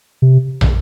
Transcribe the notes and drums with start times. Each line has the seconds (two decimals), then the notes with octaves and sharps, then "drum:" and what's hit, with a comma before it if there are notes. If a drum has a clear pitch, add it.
0.22 C3
0.61 drum: tom